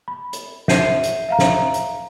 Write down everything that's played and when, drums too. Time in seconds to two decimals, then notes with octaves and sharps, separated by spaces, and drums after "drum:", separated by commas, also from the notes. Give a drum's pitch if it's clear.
0.08 B5
0.33 drum: hi-hat
0.68 E5 F#5 G6 C7 D#7, drum: snare
1.03 drum: hi-hat
1.29 E5 F5 A#5
1.39 drum: snare
1.74 drum: hi-hat